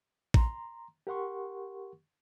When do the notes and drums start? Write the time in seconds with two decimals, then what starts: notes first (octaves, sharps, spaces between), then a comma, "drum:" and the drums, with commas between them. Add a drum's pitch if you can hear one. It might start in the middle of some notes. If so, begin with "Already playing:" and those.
0.34 A#5 C6, drum: kick
1.07 G4 A#4 F#5 C6 C#6